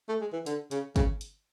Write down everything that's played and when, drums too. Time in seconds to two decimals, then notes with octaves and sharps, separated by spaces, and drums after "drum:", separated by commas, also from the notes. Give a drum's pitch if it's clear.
0.09 A3
0.21 G#3
0.33 E3
0.46 D3, drum: hi-hat
0.71 C#3, drum: hi-hat
0.96 C#3, drum: kick, hi-hat
1.21 drum: hi-hat